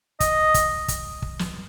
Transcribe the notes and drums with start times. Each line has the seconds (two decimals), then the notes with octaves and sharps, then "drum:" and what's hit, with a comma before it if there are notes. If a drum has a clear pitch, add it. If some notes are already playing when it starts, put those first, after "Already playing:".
0.20 D#5, drum: kick, hi-hat
0.54 drum: kick, hi-hat
0.88 drum: kick, hi-hat
1.22 drum: kick
1.39 drum: snare